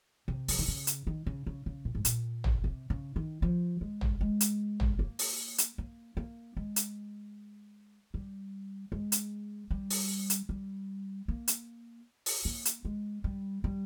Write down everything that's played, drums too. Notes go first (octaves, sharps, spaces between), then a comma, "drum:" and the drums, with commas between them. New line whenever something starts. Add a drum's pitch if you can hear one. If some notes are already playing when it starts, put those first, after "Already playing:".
C3
F3, drum: open hi-hat
D#3
C#3
drum: hi-hat
D#3
C#3
C#3
C#3
A#2
G#2
A#2, drum: hi-hat
drum: tom
C3
C#3
D#3
F3
G#3
drum: tom
G#3
drum: hi-hat
drum: tom
A#3
drum: open hi-hat
drum: hi-hat
A#3
A#3
G#3
drum: hi-hat
G3
G#3
drum: hi-hat
G3
drum: open hi-hat
drum: hi-hat
G3
A#3
drum: hi-hat
drum: open hi-hat
A#3
drum: hi-hat
G#3
G3
G3